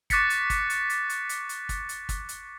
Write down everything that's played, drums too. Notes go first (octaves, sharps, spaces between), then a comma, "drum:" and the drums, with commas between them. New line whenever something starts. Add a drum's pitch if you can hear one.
C#6 D6 F#6 A6 B6 C#7, drum: kick, hi-hat
drum: hi-hat
drum: kick, hi-hat
drum: hi-hat
drum: hi-hat
drum: hi-hat
drum: hi-hat
drum: hi-hat
drum: kick, hi-hat
drum: hi-hat
drum: kick, hi-hat
drum: hi-hat